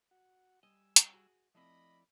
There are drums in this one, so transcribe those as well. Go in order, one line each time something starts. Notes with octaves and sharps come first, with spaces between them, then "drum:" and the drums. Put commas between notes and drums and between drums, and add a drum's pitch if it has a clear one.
F#4 F#5
G3 D#5 G#5 E6
drum: hi-hat
F#4 G#4
F3 A3 C4 E4 D5 D#5 B5